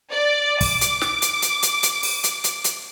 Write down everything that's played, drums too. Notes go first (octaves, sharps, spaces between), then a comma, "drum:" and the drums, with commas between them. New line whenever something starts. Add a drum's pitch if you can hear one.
D5
D6, drum: kick, open hi-hat
drum: hi-hat
drum: snare
drum: hi-hat
drum: hi-hat
drum: hi-hat
drum: hi-hat
drum: open hi-hat
drum: hi-hat
drum: hi-hat
drum: hi-hat